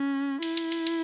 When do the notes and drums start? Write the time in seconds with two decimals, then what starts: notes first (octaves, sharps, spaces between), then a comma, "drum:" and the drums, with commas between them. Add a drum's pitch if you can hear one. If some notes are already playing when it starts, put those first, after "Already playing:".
Already playing: C#4
0.42 E4, drum: cymbal
0.57 drum: cymbal
0.72 drum: cymbal
0.87 drum: cymbal